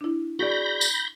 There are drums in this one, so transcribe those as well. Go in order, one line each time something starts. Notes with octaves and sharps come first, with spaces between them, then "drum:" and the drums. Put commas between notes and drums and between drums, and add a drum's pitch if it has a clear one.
D4 E4
F#4 G#4 D5 B5 G6 A#6
drum: tambourine